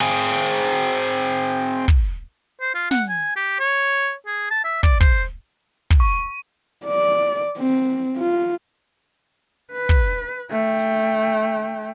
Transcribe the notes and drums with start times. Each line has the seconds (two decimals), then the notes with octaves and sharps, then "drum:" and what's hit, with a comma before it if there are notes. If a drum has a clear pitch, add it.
0.01 C4 G#4
1.88 drum: kick
2.61 C5
2.75 F4
2.91 F#5, drum: snare
3.09 G#5
3.36 G4
3.60 C#5
4.27 G#4
4.51 A5
4.64 E5
4.83 D5, drum: kick
5.01 C5, drum: kick
5.90 drum: kick
6.00 C#6
6.85 D5
7.58 C4
8.17 F4
9.73 B4
9.89 drum: kick
10.51 A3 G5
10.79 drum: hi-hat